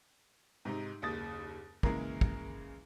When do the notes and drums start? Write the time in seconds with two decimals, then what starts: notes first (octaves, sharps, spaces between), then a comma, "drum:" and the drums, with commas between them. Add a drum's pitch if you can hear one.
0.65 G#2 C3 D#4
1.02 F#1 D#2 D#6 A6
1.83 C#3 E3 G#3 A#3 G#4 A#4, drum: kick
2.21 drum: kick